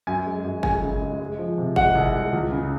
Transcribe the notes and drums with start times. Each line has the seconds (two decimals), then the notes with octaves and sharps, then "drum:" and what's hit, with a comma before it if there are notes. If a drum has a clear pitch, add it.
0.07 F#2 G#5
0.26 G#3
0.44 F#2
0.63 G#3 G#5, drum: kick G1
0.82 C#3
1.01 G#3
1.20 G#3
1.38 F3
1.58 C3
1.76 G#3 F#5, drum: kick G1
1.95 C2
2.14 G#3
2.33 C#2
2.52 C#3